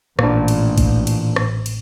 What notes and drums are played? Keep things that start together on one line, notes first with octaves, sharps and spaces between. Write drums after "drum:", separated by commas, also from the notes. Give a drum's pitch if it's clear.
A1 A#2 D4, drum: rim click
drum: cymbal
drum: kick A#1, cymbal
drum: cymbal
drum: rim click
drum: cymbal